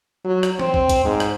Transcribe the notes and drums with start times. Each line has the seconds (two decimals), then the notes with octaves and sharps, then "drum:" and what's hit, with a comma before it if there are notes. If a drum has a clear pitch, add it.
0.25 F#3
0.43 drum: rim click
0.59 C4, drum: tom E3
0.74 drum: kick
0.89 drum: kick, hi-hat
1.05 G#2
1.20 drum: rim click